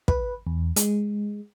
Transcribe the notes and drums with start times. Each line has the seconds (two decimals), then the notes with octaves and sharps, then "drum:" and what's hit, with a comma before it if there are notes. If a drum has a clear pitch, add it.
0.08 B4, drum: kick
0.47 E2
0.76 G#3, drum: hi-hat